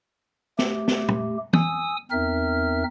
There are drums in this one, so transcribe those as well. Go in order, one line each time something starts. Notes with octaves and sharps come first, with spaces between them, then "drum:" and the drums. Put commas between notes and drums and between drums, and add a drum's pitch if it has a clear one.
A3 G4, drum: snare
drum: snare
drum: tom
G#5 D#6 E6, drum: tom
E2 C4 D#4 A#4 E5 F6